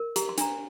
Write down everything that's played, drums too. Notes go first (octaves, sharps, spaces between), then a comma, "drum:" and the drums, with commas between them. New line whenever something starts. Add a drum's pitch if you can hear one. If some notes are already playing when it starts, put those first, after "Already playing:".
Already playing: A#4
G4 A#5, drum: hi-hat
C6
D4 A#5, drum: hi-hat